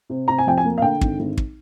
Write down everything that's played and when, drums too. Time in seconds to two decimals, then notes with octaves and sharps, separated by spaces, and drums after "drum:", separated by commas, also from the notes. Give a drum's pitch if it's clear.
0.10 C3
0.28 C3 A#5
0.39 G#5
0.47 F2 G5
0.58 G#5
0.65 A#3
0.78 F5
0.82 D3 G5
1.01 G#1, drum: kick
1.20 G#1
1.38 drum: kick